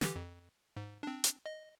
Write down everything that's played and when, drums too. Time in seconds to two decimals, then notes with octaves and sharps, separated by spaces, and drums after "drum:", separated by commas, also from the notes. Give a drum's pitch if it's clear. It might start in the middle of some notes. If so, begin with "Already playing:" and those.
0.01 D3 E3 G4, drum: snare
0.16 F2
0.77 G#2
1.03 C4 D4
1.24 drum: hi-hat
1.46 D#5